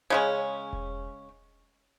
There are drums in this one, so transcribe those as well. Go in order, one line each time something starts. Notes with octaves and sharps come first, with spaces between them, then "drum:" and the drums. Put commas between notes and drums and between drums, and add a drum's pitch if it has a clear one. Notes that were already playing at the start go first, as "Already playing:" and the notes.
C#3 G#3 C#4
drum: kick E1